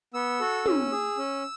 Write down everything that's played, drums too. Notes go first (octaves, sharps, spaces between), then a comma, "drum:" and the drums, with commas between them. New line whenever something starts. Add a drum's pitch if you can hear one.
B3 E6
F#4 A4
C#4, drum: tom
G#4
C#4